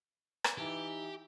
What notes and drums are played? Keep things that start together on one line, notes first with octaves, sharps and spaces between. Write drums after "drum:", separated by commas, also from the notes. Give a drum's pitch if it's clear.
drum: rim click
E3 D#4 G4